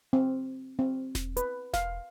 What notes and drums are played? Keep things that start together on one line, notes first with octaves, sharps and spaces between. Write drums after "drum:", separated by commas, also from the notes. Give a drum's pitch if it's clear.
C4
C4
drum: snare E1
B4, drum: hi-hat
F5, drum: snare E1